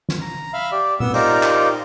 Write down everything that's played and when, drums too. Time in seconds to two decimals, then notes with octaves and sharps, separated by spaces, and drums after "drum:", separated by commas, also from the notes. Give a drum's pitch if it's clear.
0.09 drum: snare
0.21 A#5
0.53 E5 F5 B5
0.72 G4 D5
1.00 B3 E6, drum: tom A#2
1.14 D#4 F4 G4 A#4 C5 D5, drum: open hi-hat
1.43 drum: clap